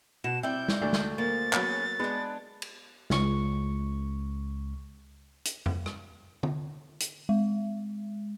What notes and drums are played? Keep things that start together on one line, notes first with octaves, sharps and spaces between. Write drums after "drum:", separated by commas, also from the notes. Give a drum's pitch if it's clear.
B2 F#4 E7
G3 C4 E4 G5 G6
drum: snare
D2 A3 D4 D5
drum: snare
F3 A#3 A6
F#3 B3 C#4 F#4 G#4, drum: clap
G#3 B3 D4 B4
drum: cymbal
C#2 C#6, drum: snare
drum: hi-hat
drum: tom F2
drum: rim click
drum: tom
drum: hi-hat
G#3